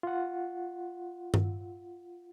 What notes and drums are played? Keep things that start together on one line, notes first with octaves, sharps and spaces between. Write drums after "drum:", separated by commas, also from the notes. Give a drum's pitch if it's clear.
F4 F#5
drum: tom G2